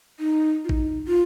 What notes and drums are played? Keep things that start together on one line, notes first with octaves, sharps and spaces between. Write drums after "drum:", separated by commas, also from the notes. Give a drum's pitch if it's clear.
D#4
F4
D#4, drum: kick A1
F4